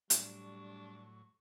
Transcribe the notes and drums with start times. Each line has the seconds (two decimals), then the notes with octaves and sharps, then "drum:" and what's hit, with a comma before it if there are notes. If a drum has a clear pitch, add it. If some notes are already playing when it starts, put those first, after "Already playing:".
0.10 A2 F#3 G3 D4 C#6, drum: hi-hat